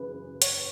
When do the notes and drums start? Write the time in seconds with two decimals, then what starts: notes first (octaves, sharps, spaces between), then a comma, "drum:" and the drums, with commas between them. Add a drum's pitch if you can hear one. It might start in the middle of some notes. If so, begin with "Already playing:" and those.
Already playing: F#2 C#3 E3 B4
0.42 C#5, drum: hi-hat